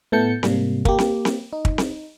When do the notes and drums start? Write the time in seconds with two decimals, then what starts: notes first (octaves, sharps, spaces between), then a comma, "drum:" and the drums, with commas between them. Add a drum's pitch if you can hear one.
0.12 A2 A3 B3 A5 G6 C#7
0.43 G#2 C3 G3 A#3, drum: snare C4
0.85 A#3 G4, drum: kick
0.98 drum: snare C4
1.25 drum: snare C4
1.53 D#4
1.65 drum: kick
1.78 drum: snare C4